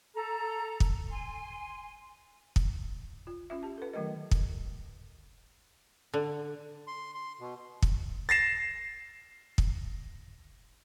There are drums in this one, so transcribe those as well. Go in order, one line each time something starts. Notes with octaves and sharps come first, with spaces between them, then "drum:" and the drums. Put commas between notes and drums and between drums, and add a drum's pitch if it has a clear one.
A4 A#5
drum: kick
G#5 C6
drum: kick
F4
C#4 F4 E5
G4 A5
A4 B4
D#3 F#3 A3 A#4 D#5
drum: kick
D3
C6
C6
B2
drum: kick
A6 A#6 C7 E7
drum: kick